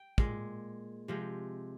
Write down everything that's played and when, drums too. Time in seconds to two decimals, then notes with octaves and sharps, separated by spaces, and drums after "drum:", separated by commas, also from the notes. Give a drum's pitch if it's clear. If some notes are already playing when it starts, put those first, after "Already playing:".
Already playing: G5
0.18 A#2 G#3, drum: kick
1.08 C3 F3 G#3